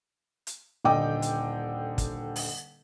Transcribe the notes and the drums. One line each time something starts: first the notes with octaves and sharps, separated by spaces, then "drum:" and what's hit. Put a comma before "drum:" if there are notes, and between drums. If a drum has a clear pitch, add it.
drum: hi-hat
D#1 D3 D#5 G5 D6
drum: hi-hat
drum: kick, hi-hat
drum: open hi-hat